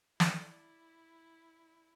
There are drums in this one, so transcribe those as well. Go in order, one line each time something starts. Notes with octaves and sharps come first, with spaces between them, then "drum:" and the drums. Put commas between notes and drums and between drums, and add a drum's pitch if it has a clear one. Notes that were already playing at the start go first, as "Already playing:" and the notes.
E4 D5, drum: snare